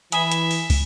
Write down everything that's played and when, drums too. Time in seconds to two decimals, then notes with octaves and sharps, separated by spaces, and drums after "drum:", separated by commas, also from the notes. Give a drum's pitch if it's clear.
0.12 E3 E5 G#5 B5 D#6, drum: hi-hat
0.32 drum: hi-hat
0.51 drum: open hi-hat
0.70 drum: kick, open hi-hat